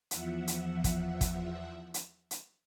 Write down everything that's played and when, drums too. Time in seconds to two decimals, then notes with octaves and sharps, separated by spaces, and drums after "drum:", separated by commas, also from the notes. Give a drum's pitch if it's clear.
0.11 E2 F3 E5 F#5, drum: hi-hat
0.48 drum: hi-hat
0.84 drum: kick, hi-hat
1.21 drum: kick, hi-hat
1.94 drum: hi-hat
2.31 drum: hi-hat